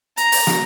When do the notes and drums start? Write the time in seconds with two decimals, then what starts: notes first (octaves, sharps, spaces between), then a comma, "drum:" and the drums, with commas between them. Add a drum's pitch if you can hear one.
0.17 A#5, drum: hi-hat
0.32 drum: open hi-hat
0.47 drum: snare